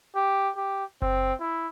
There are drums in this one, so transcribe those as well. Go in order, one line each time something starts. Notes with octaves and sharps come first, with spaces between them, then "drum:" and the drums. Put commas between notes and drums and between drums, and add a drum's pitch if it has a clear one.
G4
G4
C4, drum: kick F#1
E4